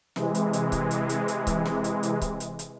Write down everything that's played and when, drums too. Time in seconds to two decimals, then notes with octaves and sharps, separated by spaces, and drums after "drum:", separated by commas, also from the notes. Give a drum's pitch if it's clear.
0.16 C3 E3 G#3, drum: snare
0.35 drum: hi-hat
0.53 drum: hi-hat
0.72 drum: kick C#1, hi-hat
0.91 drum: hi-hat
1.09 drum: hi-hat
1.28 drum: hi-hat
1.47 drum: kick C#1, hi-hat
1.65 drum: snare
1.84 drum: hi-hat
2.03 drum: hi-hat
2.22 drum: kick C#1, hi-hat
2.40 drum: hi-hat
2.59 drum: hi-hat